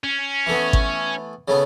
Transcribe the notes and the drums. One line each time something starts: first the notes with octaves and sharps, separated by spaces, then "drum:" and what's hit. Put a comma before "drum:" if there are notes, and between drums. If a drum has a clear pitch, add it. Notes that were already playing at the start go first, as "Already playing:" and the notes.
C#4
E3 A3 B3
drum: kick G#1
C#3 A3 B3